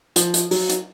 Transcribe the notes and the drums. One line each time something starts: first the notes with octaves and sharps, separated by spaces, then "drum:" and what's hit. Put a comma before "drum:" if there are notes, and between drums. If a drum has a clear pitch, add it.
F3, drum: hi-hat
drum: hi-hat
F#3, drum: open hi-hat
drum: hi-hat